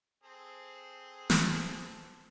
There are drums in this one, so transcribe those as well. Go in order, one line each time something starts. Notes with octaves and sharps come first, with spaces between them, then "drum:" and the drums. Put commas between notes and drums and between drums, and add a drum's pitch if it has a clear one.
C4 G#4 A4
drum: snare